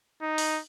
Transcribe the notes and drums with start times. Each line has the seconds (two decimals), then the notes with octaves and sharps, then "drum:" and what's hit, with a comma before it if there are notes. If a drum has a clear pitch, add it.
0.22 D#4
0.38 drum: open hi-hat